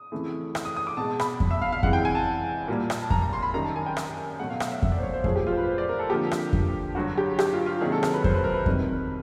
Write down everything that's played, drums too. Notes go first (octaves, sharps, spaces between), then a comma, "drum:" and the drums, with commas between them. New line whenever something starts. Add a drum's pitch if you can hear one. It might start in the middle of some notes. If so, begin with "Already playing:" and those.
Already playing: D#6
F2 C#3 E3 A3
drum: rim click
D#6
D#6
D6
B2 G#3 A5
B5, drum: rim click
drum: kick F2
E5
F5
F5
C3 E3 G#3 F#5, drum: kick F2
G5
G#5
A5
A#2 G3 A#3
drum: rim click
A5
A#5, drum: kick F2
A#5
C6
B5
F#2 D#3 G3 A#5
A5
G#5
G5
drum: rim click
B2 F#3 A3 F#5
F5
E5, drum: rim click
E5
E5, drum: kick F2
D5
C5
C#5
C5
A#2 F3 A3 G#4, drum: kick F2
G4
F4
C5
B4
C5
D5
A#4
A4
F2 D3 F3 A#3 G4
drum: rim click
drum: kick F2
G2 D3 F#3 F#4
G4
G4, drum: rim click
F4
F4
C3 D#3 F#3 A#3 G#4
A4
A#4, drum: rim click
B4
C5, drum: kick F2
B4
A#4
B4
F2 C3 D#3 G3, drum: kick F2